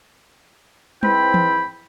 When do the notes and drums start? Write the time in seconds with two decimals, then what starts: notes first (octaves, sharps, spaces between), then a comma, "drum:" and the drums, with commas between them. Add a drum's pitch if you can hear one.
1.03 G#2 C4 E4 B4 G5 B5, drum: tom G3
1.34 drum: tom E3